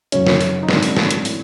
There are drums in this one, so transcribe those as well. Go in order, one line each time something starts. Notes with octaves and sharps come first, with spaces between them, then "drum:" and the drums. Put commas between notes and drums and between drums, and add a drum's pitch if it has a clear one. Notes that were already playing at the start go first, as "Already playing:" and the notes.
F#2 C#3 F#3 C#4, drum: hi-hat
drum: snare
drum: open hi-hat
D#4
G#2 D#3 F#3 C4 D4, drum: snare
drum: open hi-hat
drum: snare
drum: hi-hat
A2 E3, drum: open hi-hat